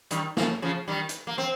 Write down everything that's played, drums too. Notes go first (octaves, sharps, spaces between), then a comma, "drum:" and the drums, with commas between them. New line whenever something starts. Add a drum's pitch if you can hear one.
D#3 G3, drum: hi-hat
C#3 F3, drum: snare
C#3 F3
D#3 G3
drum: hi-hat
A#3
C4